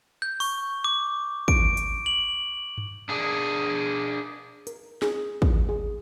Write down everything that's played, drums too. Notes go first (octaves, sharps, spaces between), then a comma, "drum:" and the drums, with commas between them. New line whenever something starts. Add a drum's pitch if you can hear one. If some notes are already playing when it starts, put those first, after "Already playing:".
G6
C#6, drum: open hi-hat
D6
D7, drum: kick
drum: hi-hat
F#7
drum: tom G2
D4 G#4
A#4, drum: hi-hat
G#4, drum: snare
drum: kick
G#4